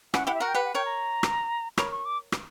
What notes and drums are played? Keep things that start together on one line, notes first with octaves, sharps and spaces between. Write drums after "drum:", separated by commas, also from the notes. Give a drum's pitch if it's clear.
C#4 E4 F#5, drum: rim click
E4 G4 F#5
E5
F#4 A#4 F#5
G5
G4 B4 F#5
F#5
A#4 C#5 G5
A#5
drum: rim click
A#4 C#5 B5, drum: rim click
C#6
D6
drum: rim click